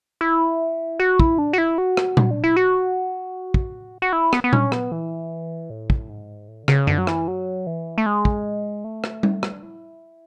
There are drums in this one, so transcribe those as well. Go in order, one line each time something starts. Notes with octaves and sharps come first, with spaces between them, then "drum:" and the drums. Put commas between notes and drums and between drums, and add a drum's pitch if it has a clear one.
E4
F#4
E4, drum: kick
D4
F#4
E4
F#4
drum: rim click
drum: tom A#2
D4
E4
F#4
drum: kick
F#4
E4
B3, drum: rim click
B3
C#4, drum: tom A#2
B3, drum: rim click
E3
A2
drum: kick
G#2
A2
D3
C#3, drum: rim click
D3, drum: tom F#2
F#3
E3, drum: rim click
F#3
E3
A3
G#3
drum: kick
A3
drum: rim click
drum: tom G3
drum: rim click
D4
E4